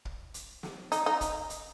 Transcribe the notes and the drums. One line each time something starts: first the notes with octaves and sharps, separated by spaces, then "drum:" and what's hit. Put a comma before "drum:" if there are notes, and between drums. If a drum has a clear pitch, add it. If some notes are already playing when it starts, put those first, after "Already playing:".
drum: kick
drum: hi-hat
drum: snare
D#4, drum: hi-hat
D#4
drum: kick, hi-hat
drum: hi-hat